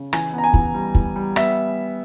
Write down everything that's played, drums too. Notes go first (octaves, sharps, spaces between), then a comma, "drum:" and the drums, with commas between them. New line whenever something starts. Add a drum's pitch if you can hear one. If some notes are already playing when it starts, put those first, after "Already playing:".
Already playing: C#3
E3 G#5, drum: rim click
B3 A#5
G#5
E3, drum: kick
G3
E3, drum: kick
G3
B3 E5, drum: rim click